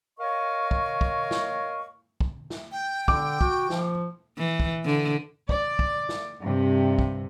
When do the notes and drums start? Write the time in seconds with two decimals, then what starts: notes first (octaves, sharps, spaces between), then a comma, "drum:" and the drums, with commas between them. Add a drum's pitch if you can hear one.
0.20 A#4 C#5 D#5 F5 C#6
0.71 drum: kick
1.01 drum: kick
1.31 drum: snare
2.20 drum: kick
2.50 drum: snare
2.72 G5
3.08 D3 D6, drum: kick
3.41 F#4, drum: kick
3.70 F3, drum: snare
4.38 E3
4.60 drum: kick
4.85 D3
5.49 D5, drum: kick
5.79 drum: kick
6.09 drum: snare
6.42 G2 C3
6.99 drum: kick